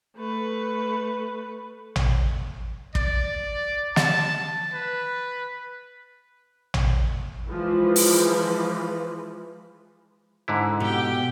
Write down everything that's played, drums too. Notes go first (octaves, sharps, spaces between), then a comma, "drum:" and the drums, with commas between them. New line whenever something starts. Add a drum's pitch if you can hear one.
A3 B4
drum: tom A1
D5, drum: kick
A5, drum: snare
B4
drum: tom A1
E3 F3 G#3
drum: open hi-hat
G#2 D3 E4
B2 G4 G5